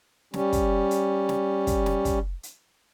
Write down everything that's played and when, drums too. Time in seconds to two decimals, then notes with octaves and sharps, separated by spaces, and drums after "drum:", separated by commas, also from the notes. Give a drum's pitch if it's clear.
0.34 G3 C#4, drum: snare
0.53 drum: kick, hi-hat
0.91 drum: hi-hat
1.29 drum: snare
1.67 drum: kick, hi-hat
1.86 drum: snare
2.05 drum: kick, hi-hat
2.43 drum: hi-hat